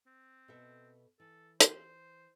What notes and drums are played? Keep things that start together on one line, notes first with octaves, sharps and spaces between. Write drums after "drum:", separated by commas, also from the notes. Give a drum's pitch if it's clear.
C4
B2 A4 E5
E3 A4
C5, drum: hi-hat